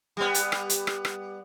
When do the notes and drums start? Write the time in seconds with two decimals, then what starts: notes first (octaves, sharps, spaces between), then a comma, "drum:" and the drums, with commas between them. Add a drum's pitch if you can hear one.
0.17 G3 B3
0.34 drum: hi-hat
0.52 drum: rim click
0.70 drum: hi-hat
0.87 drum: rim click
1.05 drum: rim click